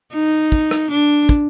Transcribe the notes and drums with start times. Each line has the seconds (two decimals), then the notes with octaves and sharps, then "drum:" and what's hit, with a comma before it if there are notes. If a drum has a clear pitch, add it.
0.14 D#4
0.52 drum: kick
0.71 drum: rim click
0.91 D4
1.29 drum: kick